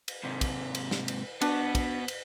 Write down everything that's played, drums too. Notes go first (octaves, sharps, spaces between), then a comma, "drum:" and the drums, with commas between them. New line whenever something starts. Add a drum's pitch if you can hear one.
drum: cymbal
G#2 C3
drum: kick, cymbal
drum: cymbal
drum: snare
drum: cymbal
B3 D4 F#4, drum: cymbal
drum: kick, cymbal
drum: cymbal